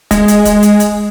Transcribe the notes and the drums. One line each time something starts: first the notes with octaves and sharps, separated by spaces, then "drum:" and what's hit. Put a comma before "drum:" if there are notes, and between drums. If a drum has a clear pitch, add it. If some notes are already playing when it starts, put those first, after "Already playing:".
G#3, drum: kick, hi-hat
drum: hi-hat
drum: kick, hi-hat
drum: hi-hat
drum: hi-hat